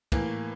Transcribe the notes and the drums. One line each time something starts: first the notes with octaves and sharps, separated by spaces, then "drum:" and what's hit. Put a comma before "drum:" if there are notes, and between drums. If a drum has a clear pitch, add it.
A2 E3 A#3, drum: kick, cymbal